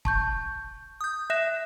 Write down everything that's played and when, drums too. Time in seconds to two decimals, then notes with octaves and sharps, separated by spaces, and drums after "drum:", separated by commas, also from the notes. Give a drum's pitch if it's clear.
0.05 A5 C#6 G6, drum: kick
1.01 D#6 G6
1.30 E5 F#6 A#6 E7